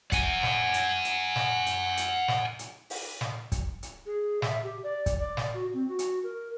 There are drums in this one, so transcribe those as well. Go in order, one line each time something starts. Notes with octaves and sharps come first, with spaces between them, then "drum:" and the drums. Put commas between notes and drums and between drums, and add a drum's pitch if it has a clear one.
F#5 G#5, drum: kick, hi-hat
drum: snare
drum: hi-hat
drum: hi-hat
drum: snare
drum: hi-hat
drum: hi-hat
drum: snare
drum: hi-hat
drum: open hi-hat
drum: snare
drum: kick, hi-hat
drum: hi-hat
G#4
E5, drum: snare
G4
D5
drum: kick, hi-hat
D5
drum: snare
F#4
C4
F#4
drum: hi-hat
A#4